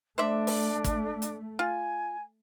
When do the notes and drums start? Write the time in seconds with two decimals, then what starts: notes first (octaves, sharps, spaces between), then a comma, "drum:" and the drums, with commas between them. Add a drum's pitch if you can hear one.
0.18 A3 D4 C5 D5 E5
0.47 drum: open hi-hat
0.84 drum: kick, hi-hat
1.22 drum: hi-hat
1.59 F4 G#5